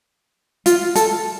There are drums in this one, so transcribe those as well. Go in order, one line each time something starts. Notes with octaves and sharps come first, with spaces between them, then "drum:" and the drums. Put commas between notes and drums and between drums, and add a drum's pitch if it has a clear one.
F4, drum: hi-hat
A4, drum: hi-hat